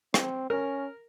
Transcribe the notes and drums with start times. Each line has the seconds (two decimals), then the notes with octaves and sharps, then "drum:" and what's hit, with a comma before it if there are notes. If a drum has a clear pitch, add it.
0.14 C4, drum: rim click
0.50 C#4 A#4